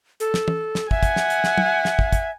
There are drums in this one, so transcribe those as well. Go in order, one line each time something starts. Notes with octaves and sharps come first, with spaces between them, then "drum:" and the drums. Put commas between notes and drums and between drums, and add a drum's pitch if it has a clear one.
A4, drum: hi-hat
drum: snare
drum: tom
drum: snare
E5 F#5 G#5, drum: kick
drum: kick, hi-hat
drum: snare
drum: hi-hat
drum: snare
drum: tom
drum: snare
drum: kick
drum: kick, hi-hat